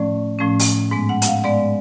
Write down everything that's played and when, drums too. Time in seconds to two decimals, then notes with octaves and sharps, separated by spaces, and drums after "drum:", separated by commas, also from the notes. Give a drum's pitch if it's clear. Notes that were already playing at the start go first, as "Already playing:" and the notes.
Already playing: A2 F3 A3 C#4 D5
0.39 A2 F3 A3 C#4
0.59 drum: open hi-hat
0.91 G#2 G#3 B3
1.09 F#5
1.22 F#5, drum: hi-hat
1.27 F5
1.44 G#2 G#3 B3 D5